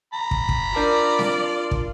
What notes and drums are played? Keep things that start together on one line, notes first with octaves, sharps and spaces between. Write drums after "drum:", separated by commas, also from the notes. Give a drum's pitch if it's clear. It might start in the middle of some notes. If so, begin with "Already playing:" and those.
A#5 B5
drum: kick
drum: kick
D4 F4 A#4 D5 A5
drum: snare C4
drum: kick